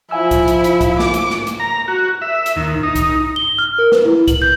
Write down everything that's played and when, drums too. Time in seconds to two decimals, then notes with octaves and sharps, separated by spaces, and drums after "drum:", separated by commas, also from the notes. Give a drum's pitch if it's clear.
0.11 F3 E4 F5 G#5 E6
0.31 drum: kick B1, hi-hat
0.48 drum: hi-hat
0.64 drum: hi-hat
0.81 drum: kick B1, hi-hat
0.99 D6, drum: snare
1.14 drum: hi-hat
1.30 drum: snare
1.47 drum: hi-hat
1.60 A#5
1.88 F#4
2.22 E5
2.46 drum: hi-hat
2.56 D#2
2.83 D#4
2.95 drum: kick B1, hi-hat
3.36 G7
3.58 F6
3.79 A#4
3.92 B4, drum: snare
4.05 E4
4.28 F#7, drum: kick B1, hi-hat
4.42 G6